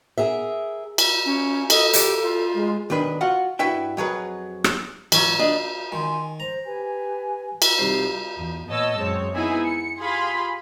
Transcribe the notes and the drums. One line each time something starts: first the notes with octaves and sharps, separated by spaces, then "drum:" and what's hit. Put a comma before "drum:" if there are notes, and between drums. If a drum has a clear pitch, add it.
G#4 A#4 E5
drum: cymbal
C#4
A4 D#5, drum: cymbal
G4, drum: hi-hat
F4
G#3
B1 D#3 D4 B4
F4 F#4 F#5
G2 E4 F#4 B4 E5 G5
F2 F#3 G#4 B4
drum: rim click
G#2 E3 F#3, drum: cymbal
D4 D#5
D#3 G#5 C6
C5 A#5
G4 B4 G#5
drum: cymbal
C2 D#4 C5
E2
A#2 B3 C#5 D#5 A5 E6
F#2 G#3 C4 C#5
B3 D#4 E4 G#4 G#5 B5
C#7
F4 G4 G#4 F5 B5 C6